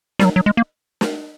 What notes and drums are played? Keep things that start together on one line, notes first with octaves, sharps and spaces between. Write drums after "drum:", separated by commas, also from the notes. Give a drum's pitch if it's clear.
G3, drum: snare
F#3
F#3
G#3
A#3
drum: snare